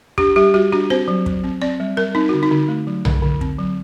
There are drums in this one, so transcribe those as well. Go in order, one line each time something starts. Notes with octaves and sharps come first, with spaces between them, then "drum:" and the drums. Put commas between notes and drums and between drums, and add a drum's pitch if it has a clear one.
D4 G4, drum: kick
G3 G4
G3 F#4
D4 F#4
C4 C5
F#3
F#3, drum: kick
C4
C4 D5
G3
G3 A#4
C4 D#4
D3 F#4
D#4
D3
A3
F#3
D3, drum: tom B1
D3
C4, drum: kick
F#3